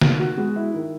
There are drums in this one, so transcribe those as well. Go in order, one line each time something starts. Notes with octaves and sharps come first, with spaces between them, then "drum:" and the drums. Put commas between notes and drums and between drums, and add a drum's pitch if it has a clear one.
D#3 F#4, drum: snare
F#4
G#3 B3 F#4
E4
D#3